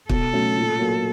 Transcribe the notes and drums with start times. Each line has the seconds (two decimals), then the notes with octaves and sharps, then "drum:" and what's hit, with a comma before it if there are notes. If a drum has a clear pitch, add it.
0.09 B2 A4, drum: kick
0.33 F#3 A3 C#4
0.57 A#2
0.79 F#3 A#3